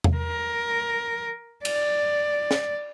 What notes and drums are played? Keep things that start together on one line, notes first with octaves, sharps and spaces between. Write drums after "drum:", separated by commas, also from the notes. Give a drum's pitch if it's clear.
drum: tom E2
A#4
D5, drum: cymbal
drum: snare